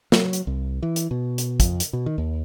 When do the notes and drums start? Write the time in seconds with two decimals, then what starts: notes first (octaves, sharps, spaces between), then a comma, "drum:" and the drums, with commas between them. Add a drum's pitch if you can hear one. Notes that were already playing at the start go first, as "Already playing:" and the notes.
0.12 F#3, drum: snare
0.33 drum: hi-hat
0.47 C2
0.82 E3
0.96 drum: hi-hat
1.11 B2
1.38 drum: hi-hat
1.60 F2, drum: kick, hi-hat
1.80 drum: hi-hat
1.93 B2
2.06 D#3
2.18 D#2